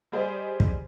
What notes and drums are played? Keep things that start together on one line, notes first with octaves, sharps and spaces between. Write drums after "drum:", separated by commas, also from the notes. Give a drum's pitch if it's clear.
G3 G4 G#4 C5 D5 D#5
drum: kick